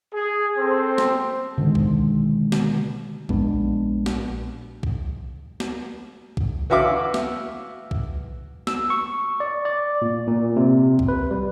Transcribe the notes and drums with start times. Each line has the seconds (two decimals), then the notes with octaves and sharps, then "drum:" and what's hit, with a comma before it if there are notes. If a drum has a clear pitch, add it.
0.13 G#4
0.58 C4 A4 C5
0.98 drum: snare
1.58 B2 D3 D#3 G#3
1.75 drum: kick B1
2.52 drum: snare
3.29 A#1 G#3 B3 D4, drum: kick B1
4.06 drum: snare
4.83 drum: kick B1
5.60 drum: snare
6.37 drum: kick B1
6.70 E3 F#4 E5 F5 D6
7.14 drum: snare
7.91 drum: kick B1
8.67 E6, drum: snare
8.90 C#6
9.40 D5
9.65 D5
10.02 A#2
10.27 A#2
10.56 C3
10.99 drum: kick B1
11.08 B4
11.31 G3